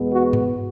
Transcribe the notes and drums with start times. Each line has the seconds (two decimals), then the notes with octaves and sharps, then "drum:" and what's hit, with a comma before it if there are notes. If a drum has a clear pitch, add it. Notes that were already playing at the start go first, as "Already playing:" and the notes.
Already playing: E2 B2 G#3 B3
0.13 F#4
0.33 drum: tom G2